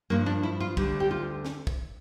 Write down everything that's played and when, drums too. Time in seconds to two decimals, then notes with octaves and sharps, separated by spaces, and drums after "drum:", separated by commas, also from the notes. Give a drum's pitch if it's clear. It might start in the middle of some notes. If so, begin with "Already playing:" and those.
0.10 G2 F3 A#3
0.26 D4
0.43 E4
0.60 F4
0.77 D2 D3 G3, drum: kick
1.00 G4
1.11 F4
1.45 drum: snare
1.67 drum: kick